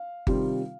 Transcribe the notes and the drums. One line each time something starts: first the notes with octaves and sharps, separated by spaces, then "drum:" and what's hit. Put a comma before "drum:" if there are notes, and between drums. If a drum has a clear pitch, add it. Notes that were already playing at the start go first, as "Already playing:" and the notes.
Already playing: F5
C3 D#3 G3 C4 F4, drum: kick G1